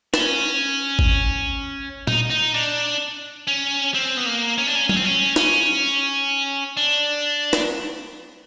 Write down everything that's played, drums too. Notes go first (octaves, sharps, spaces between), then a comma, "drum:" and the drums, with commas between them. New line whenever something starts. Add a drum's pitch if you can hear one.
D4, drum: snare
C#4
drum: kick G#1
D#4, drum: tom A#2
D#4
D4
C#4
C4
B3
A#3
C#4
D4
C#4
C#4, drum: tom F#3
C4
C#4
C#4, drum: snare
D4
drum: snare